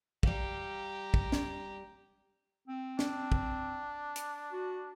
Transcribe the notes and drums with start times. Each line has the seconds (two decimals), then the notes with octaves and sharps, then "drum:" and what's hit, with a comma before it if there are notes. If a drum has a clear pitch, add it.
0.23 G3 G4 F5 A#5, drum: kick
1.14 drum: kick
1.32 drum: snare
2.68 C4
2.99 D4, drum: snare
3.32 drum: kick
4.16 drum: hi-hat
4.52 F#4